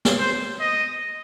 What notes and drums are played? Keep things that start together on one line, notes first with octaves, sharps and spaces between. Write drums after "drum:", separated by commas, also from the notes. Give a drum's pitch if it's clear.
drum: snare
C5
D#5